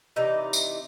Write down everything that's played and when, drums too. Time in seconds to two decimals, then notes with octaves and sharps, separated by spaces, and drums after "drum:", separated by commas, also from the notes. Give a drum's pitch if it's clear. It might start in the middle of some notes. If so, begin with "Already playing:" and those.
0.16 C3 E3 D#4 D5
0.53 drum: tambourine